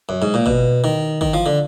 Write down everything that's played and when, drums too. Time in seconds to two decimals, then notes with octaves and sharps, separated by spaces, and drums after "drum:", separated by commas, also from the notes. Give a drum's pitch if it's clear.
0.09 F#2
0.22 G#2
0.34 A#2
0.46 B2, drum: kick
0.84 D#3
1.21 D#3, drum: kick
1.34 F3
1.46 D3